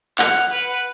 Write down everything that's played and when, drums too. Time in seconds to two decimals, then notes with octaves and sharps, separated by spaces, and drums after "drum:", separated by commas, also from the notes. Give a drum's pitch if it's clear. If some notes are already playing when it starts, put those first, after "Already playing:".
0.19 F#5 F6, drum: clap
0.52 B4